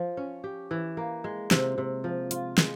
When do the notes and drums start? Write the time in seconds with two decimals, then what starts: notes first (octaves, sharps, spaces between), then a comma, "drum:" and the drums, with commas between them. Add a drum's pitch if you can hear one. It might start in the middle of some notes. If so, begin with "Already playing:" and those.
Already playing: F3
0.17 C#4
0.44 G4
0.71 E3
0.97 A#3
1.24 G#3
1.51 C3, drum: snare
1.78 C3
2.04 F3
2.31 F4, drum: hi-hat
2.58 G#3, drum: snare